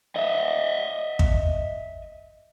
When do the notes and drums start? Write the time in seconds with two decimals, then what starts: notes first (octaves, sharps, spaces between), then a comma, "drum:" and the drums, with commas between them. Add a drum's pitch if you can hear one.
0.16 D#5 E5
1.19 drum: kick